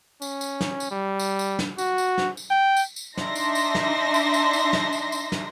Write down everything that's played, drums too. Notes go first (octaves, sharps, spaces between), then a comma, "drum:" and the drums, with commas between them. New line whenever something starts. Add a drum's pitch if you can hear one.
C#4, drum: tambourine
drum: tambourine
drum: snare
drum: tambourine
G3
drum: tambourine
drum: tambourine
drum: snare
F#4, drum: tambourine
drum: tambourine
drum: snare
drum: tambourine
G5
drum: tambourine
drum: tambourine
D4 D#4 E5 C6 A#6, drum: snare
drum: tambourine
drum: tambourine
drum: snare
drum: tambourine
drum: tambourine
drum: tambourine
drum: snare
drum: tambourine
drum: tambourine
drum: snare